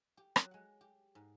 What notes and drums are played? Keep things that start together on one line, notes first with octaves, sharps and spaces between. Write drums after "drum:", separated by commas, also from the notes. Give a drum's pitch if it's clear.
G4
F#3, drum: rim click
G#3 F#5
G4
G#2